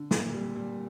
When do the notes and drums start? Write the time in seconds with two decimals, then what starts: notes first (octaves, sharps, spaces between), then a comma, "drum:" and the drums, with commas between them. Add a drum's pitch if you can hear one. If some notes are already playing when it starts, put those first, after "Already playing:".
Already playing: D3
0.11 A#2, drum: snare
0.34 G3
0.56 G3